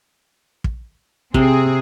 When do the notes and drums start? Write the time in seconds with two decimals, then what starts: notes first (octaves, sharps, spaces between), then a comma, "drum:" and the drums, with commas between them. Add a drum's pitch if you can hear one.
0.64 drum: kick
1.34 C3 C4 G#4, drum: kick